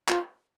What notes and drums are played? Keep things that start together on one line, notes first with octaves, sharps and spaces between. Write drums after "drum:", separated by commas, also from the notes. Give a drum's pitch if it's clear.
F4, drum: clap